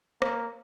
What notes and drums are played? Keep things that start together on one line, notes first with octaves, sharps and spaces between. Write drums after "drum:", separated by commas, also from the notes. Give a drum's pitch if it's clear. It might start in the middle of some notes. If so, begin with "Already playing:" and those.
A#3, drum: rim click